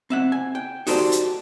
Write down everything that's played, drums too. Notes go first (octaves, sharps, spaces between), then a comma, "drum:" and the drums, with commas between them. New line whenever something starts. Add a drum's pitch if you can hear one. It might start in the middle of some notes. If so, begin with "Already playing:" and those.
C4 E5 F#5
G#5
G5
D#4 F#4 G4 A4 C5 D5, drum: open hi-hat
drum: hi-hat